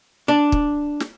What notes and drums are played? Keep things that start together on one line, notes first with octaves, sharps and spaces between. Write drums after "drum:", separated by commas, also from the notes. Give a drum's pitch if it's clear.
D4
drum: kick
drum: snare